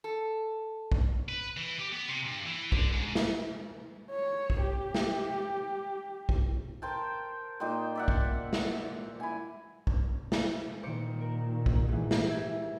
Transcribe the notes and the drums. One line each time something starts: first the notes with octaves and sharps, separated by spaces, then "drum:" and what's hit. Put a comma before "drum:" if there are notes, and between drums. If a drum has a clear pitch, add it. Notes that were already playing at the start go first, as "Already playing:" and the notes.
A4
drum: kick
B4
E3
G4
B3
C3
G2
E3
D3, drum: kick
G#2
drum: snare
C#5
drum: kick
G4
drum: snare
drum: kick
A#4 C5 G5 A5
A#2 D#4 C5 G5
D5 E5 F#5
drum: kick
drum: snare
E4 G#5
drum: kick
drum: snare
A#2 D#3 C5 D6 C#7
A#4
drum: kick
G#2 E3
drum: snare
G4 E5 G#6